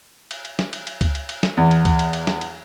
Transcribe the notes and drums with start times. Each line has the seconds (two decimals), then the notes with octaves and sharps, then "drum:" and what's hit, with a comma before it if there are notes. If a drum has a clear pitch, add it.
0.31 drum: cymbal
0.45 drum: cymbal
0.59 drum: snare
0.73 drum: cymbal
0.87 drum: cymbal
1.01 drum: kick C#2, cymbal
1.15 drum: cymbal
1.29 drum: cymbal
1.43 drum: snare
1.57 E2
1.71 drum: cymbal
1.85 drum: kick C#2, cymbal
1.99 drum: cymbal
2.13 drum: cymbal
2.27 drum: snare
2.41 drum: cymbal